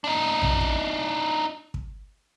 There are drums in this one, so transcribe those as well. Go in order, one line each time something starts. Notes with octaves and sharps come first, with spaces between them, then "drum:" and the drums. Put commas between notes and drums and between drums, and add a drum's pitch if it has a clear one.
D4 D#4
drum: tom A#1
drum: kick
drum: kick